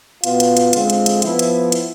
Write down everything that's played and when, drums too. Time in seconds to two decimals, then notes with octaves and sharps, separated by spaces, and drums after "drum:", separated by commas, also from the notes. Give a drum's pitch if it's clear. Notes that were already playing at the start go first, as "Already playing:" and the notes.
0.24 B2 B3 F4, drum: hi-hat
0.40 drum: hi-hat
0.57 drum: hi-hat
0.73 D3 G#3 C4 F4, drum: hi-hat
0.90 drum: hi-hat
1.06 drum: hi-hat
1.22 F3 B3 E4, drum: hi-hat
1.39 drum: hi-hat
1.72 drum: hi-hat